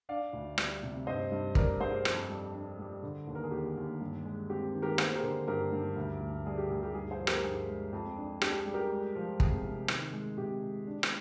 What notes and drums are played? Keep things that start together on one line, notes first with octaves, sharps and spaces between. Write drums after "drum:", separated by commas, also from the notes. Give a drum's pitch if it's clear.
D4 D5 F5
D2
G3, drum: rim click
C3
G2 C5 D#5
G2
G3 A#4 D5, drum: kick
G2 G#4 C5
F2, drum: rim click
G3
D4
G3
D3
D#2
A#4
G#4
D#2 G4
D#2
G2
G#3
C4 G4
D#3
G4 A#4
A#3 G#4 C5, drum: rim click
G4 A#4
D3
G2 G4 A#4
G2
D2
D2
G3 G#4
G4
D2 G#4
G4
G2 G#4
G#4 C5
F3
G4 A#4, drum: rim click
G2 G#4
G#3
F2
D4
D4 G4, drum: rim click
G#4
G3
G4 A#4
G#3
F3
C3 G#4, drum: kick
C3
D#3, drum: rim click
G#3
C3 G4
G#3
D4
drum: rim click